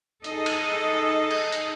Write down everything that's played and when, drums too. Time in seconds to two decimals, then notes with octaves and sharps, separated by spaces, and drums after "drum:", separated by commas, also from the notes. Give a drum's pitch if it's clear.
0.24 D#4 G#4 A4 D#5, drum: hi-hat
0.46 drum: cymbal
1.31 drum: cymbal
1.52 drum: hi-hat